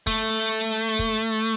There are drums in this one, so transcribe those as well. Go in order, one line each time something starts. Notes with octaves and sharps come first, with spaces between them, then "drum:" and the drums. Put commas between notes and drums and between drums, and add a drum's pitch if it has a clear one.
A3, drum: kick
drum: kick